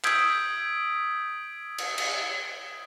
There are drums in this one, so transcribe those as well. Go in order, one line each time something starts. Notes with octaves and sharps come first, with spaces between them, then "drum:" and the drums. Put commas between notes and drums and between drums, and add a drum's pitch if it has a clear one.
D#6 E6 G6 G#6 B6 D7, drum: clap
drum: cymbal
drum: cymbal